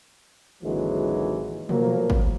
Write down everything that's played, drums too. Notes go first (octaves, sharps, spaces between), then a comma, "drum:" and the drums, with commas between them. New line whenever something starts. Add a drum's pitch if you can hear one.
G#1 D#2 D3 E3 F#3 G#3
F3 F#3 A3 A#3, drum: tom B2
drum: kick G#1